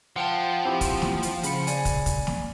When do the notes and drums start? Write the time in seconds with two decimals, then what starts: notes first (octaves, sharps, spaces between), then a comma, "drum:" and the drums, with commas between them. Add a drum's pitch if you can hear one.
0.16 F3 F#5 G5 A5
0.65 C4 E4 G4
0.81 drum: kick, hi-hat
1.02 drum: snare
1.23 drum: hi-hat
1.43 C#3 B5 C#7, drum: hi-hat
1.67 D5 G#5, drum: hi-hat
1.85 drum: kick, hi-hat
2.06 drum: kick, hi-hat
2.27 drum: snare